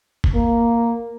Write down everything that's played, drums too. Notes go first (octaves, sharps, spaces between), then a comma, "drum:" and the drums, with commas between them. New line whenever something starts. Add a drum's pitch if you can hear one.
drum: kick
A#3